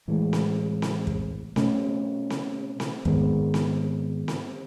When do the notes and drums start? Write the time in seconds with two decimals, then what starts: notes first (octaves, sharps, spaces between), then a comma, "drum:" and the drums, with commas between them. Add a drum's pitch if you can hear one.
0.08 A2 E3 G#3
0.33 drum: snare C4
0.82 drum: snare C4
1.07 drum: kick
1.56 B2 A3 C#4, drum: snare C4
2.30 drum: snare C4
2.80 drum: snare C4
3.05 G#2 D#3 G#3 B3, drum: kick
3.54 drum: snare C4
4.28 drum: snare C4